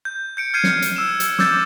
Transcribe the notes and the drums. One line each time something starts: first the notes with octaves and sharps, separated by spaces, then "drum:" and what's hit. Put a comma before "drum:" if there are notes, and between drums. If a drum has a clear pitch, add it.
G6
G6 C#7 D7
F6 G6 G#6 C7 C#7 D#7
drum: snare
drum: hi-hat
E6 E7
drum: hi-hat
D6 E6 G6 A6, drum: snare